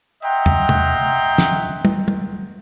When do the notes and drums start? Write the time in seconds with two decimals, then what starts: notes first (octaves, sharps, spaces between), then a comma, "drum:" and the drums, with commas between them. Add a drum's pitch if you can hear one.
0.23 D#5 E5 F#5 G5 A#5 C6
0.46 drum: tom E2
0.69 drum: tom
1.38 drum: snare
1.85 drum: tom
2.08 drum: tom